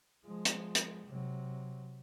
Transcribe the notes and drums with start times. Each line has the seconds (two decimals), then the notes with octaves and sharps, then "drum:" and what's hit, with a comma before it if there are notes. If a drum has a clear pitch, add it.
0.25 F3 G#3
0.45 drum: hi-hat
0.75 drum: hi-hat
1.05 C3 F#3